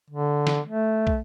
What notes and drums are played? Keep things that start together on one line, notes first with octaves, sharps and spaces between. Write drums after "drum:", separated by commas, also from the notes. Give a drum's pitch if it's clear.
D3
drum: snare
A3
drum: kick